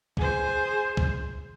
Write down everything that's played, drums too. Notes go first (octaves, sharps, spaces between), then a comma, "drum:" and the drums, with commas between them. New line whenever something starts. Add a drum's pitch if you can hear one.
G#4 C5, drum: kick
drum: kick